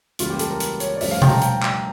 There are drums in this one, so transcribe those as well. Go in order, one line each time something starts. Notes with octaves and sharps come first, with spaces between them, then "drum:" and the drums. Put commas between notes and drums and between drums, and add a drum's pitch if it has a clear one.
C#2 C#3 E3 G3 A#3 F4, drum: hi-hat
G4
A4, drum: hi-hat
A#4
drum: hi-hat
C#5, drum: hi-hat
D5
G2 F3 A3 C#4 E5, drum: open hi-hat
F5
G5, drum: tom B2
A#5
A5
G5, drum: hi-hat
drum: clap